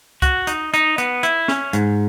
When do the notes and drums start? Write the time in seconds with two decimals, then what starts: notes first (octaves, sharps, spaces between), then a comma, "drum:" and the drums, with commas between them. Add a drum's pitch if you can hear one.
0.22 F#4, drum: kick C2, hi-hat
0.47 D#4, drum: hi-hat
0.74 D#4, drum: hi-hat
0.98 B3, drum: hi-hat
1.23 E4, drum: hi-hat
1.48 C#4, drum: snare
1.73 G#2, drum: hi-hat